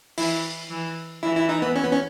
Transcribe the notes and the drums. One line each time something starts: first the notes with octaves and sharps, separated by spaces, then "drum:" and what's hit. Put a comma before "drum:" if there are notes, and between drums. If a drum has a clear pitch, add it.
E3 E4, drum: open hi-hat
E3
E3 E4
E4
D#4
B3
C#4
B3
C#4